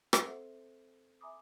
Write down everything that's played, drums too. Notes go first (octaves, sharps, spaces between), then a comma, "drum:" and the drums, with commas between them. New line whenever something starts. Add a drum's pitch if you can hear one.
drum: rim click
C4 A4 C5 E5 F#5
E5 G#5 A#5 B5 D6 D#6